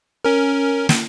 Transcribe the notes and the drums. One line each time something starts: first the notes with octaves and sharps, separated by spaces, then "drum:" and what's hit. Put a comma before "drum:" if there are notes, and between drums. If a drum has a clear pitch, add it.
C#4 A#4
drum: snare